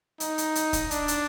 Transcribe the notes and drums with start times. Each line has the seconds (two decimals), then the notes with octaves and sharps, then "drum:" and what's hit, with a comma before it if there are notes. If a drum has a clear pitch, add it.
0.20 D#4, drum: hi-hat
0.38 drum: hi-hat
0.55 drum: hi-hat
0.73 drum: kick, hi-hat
0.91 D4, drum: hi-hat
1.08 drum: hi-hat